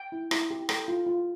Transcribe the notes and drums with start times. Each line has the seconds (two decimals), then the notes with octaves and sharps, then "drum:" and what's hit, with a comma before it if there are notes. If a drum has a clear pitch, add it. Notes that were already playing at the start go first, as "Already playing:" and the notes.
Already playing: G5
0.12 E4
0.31 E4, drum: rim click
0.51 G4
0.69 A4 G5, drum: rim click
0.88 F4
1.06 F4